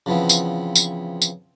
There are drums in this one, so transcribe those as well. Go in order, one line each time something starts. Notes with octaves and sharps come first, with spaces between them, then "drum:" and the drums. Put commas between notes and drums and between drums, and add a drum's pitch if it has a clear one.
C#3 E3 F3 B3 C4
drum: tambourine
drum: tambourine
drum: tambourine